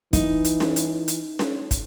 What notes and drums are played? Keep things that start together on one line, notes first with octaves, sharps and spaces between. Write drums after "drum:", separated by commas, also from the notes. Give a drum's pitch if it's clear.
E3 D#4, drum: kick, hi-hat
drum: hi-hat
drum: snare C#4
drum: hi-hat
drum: hi-hat
drum: snare C#4
drum: kick, hi-hat